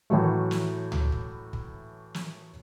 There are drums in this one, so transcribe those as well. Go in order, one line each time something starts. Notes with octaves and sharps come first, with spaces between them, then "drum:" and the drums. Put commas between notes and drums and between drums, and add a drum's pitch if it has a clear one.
A2 E3 F#3 A3
drum: snare
drum: tom C#2
drum: kick
drum: kick
drum: snare